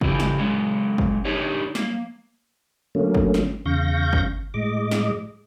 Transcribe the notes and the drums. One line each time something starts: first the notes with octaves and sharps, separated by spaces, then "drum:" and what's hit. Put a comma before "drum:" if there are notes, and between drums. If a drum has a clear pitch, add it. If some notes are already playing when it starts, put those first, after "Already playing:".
C#3 E3 E4 G4, drum: kick
drum: snare
F#3 G#3 C#4
drum: kick
D4 D#4 G4 C#5
A#3, drum: snare
D3 F#3 A3 A#3 C#4
drum: kick
drum: snare
E2 C#3 F5 C#6 G6 A#6
drum: kick
A2 G#3 D#5 D6
drum: snare